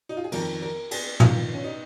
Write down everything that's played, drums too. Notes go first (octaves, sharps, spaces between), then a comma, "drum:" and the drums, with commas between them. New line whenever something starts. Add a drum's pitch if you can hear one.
D#4
F4
G#4
F2 D#3 A#4, drum: cymbal
A#4
G#4, drum: cymbal
F2 D#3 F4, drum: tom
C#4
D#4